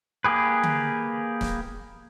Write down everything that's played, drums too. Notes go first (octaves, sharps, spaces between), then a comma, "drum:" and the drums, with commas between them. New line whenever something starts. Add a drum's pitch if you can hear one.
A#3 G4 G#4 B4
drum: tom D3
drum: snare